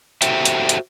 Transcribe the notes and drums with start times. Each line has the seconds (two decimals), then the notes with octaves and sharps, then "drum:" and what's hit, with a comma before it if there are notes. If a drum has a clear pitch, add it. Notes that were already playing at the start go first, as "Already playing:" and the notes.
0.22 F#4 G4 A4 C5 E5 G5, drum: hi-hat
0.45 drum: hi-hat
0.69 drum: hi-hat